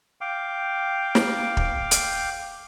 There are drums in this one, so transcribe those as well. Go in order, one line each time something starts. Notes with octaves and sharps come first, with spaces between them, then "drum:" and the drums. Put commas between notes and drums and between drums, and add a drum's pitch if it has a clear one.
F5 G5 D6
drum: snare
drum: kick
drum: hi-hat